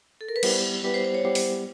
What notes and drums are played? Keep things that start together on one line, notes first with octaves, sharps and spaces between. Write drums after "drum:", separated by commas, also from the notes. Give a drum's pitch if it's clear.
A4
A#4
B4
G3 B3 E4 G4 C5, drum: cymbal
G3 B3 E4 G4 B4
C5
C5
C#5
G3 B3 E4 G4 C5
drum: open hi-hat